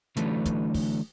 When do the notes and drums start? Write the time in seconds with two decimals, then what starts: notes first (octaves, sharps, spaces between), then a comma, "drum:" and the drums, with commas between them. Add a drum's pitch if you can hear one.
0.17 D3 E3 F#3 A3 B4, drum: hi-hat
0.45 drum: kick, hi-hat
0.74 drum: kick, open hi-hat